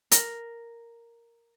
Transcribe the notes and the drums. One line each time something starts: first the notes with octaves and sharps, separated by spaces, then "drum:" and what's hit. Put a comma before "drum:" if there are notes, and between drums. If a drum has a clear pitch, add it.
A#4, drum: hi-hat